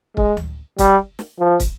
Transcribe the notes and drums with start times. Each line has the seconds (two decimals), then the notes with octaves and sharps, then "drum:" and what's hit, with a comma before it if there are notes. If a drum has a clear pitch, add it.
0.17 G#3, drum: kick
0.37 drum: tom D2
0.78 G3, drum: kick, hi-hat
1.19 drum: snare
1.39 F3
1.60 drum: kick, hi-hat